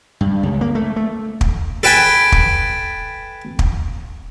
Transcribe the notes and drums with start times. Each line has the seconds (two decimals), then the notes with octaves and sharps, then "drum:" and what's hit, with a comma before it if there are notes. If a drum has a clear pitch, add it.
0.21 G2
0.43 C#2
0.61 A#3
0.75 A3
0.96 A3
1.41 drum: kick
1.83 A4 B4 G5 G#5
2.32 drum: kick
3.59 drum: kick